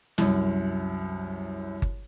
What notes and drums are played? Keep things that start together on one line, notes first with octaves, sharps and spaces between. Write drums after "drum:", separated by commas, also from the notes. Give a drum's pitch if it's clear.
C2 F#2, drum: snare
drum: kick G1